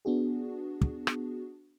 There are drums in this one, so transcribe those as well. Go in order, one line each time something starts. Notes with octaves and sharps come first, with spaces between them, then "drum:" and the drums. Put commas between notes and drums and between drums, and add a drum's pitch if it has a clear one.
B3 D4 F#4 G#4
drum: kick
drum: rim click